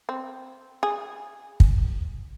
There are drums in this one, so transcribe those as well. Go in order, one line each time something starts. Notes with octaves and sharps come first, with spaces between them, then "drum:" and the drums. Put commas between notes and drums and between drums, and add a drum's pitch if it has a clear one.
C4
G#4
drum: kick